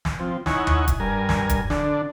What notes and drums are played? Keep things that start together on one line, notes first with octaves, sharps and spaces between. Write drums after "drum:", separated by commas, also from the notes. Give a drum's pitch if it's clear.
drum: snare
F3 C4
D#4 E4 C#5 F#5 G#5, drum: snare
drum: tom D#2
drum: kick E1, hi-hat
G2 A#4 G#5
drum: snare
drum: kick E1, hi-hat
D3 D4, drum: snare